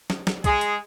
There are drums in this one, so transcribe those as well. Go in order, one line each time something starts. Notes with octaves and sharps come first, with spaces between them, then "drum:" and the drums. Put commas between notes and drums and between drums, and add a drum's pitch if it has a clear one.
drum: snare
drum: snare
G#3 G#4, drum: kick C2, hi-hat
drum: hi-hat